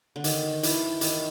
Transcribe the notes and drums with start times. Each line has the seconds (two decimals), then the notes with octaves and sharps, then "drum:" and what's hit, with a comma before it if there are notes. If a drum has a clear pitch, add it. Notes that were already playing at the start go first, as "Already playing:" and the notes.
0.16 D3
0.24 D#3, drum: hi-hat
0.63 E3, drum: hi-hat
1.01 D#3, drum: hi-hat